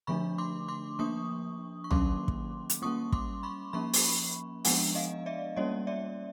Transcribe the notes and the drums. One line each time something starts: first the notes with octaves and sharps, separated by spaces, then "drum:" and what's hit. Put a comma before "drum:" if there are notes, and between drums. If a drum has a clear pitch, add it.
D3 F3 A3 D4 B5 C#6
C6 D6
C6 D6
F3 A#3 D4 C#6 D#6
C#6
D#3 F#3 A#3 C#4 C6 D6, drum: tom
drum: kick
drum: hi-hat
G3 A#3 C#4 C#6 D#6
C6 D6, drum: kick
B5 C#6
F3 A#3 C#4 B5 C#6
drum: open hi-hat
F3 G#3 B3 D4 F#5 G#5, drum: open hi-hat
D#5 F5
D5 E5
G3 A#3 C#4 C#5 D#5
D5 E5